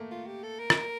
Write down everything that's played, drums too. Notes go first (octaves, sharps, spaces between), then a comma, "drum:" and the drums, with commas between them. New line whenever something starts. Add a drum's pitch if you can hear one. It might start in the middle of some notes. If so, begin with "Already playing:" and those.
Already playing: A3 A#3
F4
G4
A4
A#4
drum: rim click